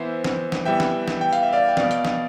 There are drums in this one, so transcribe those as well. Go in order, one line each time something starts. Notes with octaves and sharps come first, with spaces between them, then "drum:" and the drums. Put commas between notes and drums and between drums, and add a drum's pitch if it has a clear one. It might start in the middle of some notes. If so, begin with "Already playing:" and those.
Already playing: E3 B3 C5 E5
drum: snare
drum: snare
E3 G3 B3 E5 G5
drum: snare
drum: snare
G5
F5, drum: hi-hat
E5
D5 F5
G5
B2 B3 D5 F5, drum: snare
drum: hi-hat
drum: snare